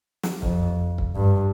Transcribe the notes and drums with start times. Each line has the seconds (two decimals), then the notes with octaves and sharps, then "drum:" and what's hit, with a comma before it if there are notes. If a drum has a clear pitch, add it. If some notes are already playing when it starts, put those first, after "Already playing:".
0.23 drum: snare
0.42 F2, drum: kick C#1
0.98 drum: kick C#1
1.17 G2